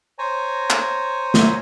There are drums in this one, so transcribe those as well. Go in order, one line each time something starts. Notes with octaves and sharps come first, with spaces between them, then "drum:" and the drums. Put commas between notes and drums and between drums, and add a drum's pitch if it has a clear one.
C5 C#5 G#5 A#5
drum: clap
drum: snare